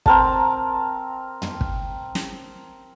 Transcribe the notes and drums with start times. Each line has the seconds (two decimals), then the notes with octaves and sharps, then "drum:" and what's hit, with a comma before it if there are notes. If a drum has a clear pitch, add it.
0.06 C4 A#4 A5, drum: kick
1.42 drum: tom
1.61 drum: kick
2.15 drum: snare